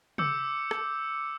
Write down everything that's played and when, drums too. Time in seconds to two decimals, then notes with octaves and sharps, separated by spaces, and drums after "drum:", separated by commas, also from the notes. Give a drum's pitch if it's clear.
0.18 D6 E6 G6 C#7, drum: tom
0.71 drum: rim click